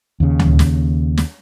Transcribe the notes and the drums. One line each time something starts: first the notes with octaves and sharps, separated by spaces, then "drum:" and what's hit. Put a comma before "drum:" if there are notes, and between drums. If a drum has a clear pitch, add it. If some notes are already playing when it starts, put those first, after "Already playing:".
D#2 C#3
drum: tom D2
drum: snare
drum: snare